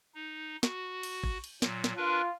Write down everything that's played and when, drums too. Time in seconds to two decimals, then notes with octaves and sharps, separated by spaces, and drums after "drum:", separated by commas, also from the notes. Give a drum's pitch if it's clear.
0.15 D#4
0.63 F#4, drum: snare
1.03 drum: cymbal
1.24 drum: kick
1.44 drum: cymbal
1.62 A#2 F#3, drum: snare
1.84 drum: snare
1.97 D4 F4 A#4 B4